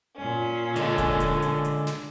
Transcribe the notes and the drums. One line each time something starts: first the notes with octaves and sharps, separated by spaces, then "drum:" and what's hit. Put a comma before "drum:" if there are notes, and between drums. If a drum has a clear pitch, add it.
A#2 C#4
D3 G#3, drum: hi-hat
drum: kick E1, hi-hat
drum: hi-hat
drum: hi-hat
drum: hi-hat
drum: snare